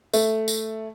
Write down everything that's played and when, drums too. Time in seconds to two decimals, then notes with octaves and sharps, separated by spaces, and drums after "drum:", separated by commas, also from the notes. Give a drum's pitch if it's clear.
0.14 A3, drum: tambourine
0.48 drum: tambourine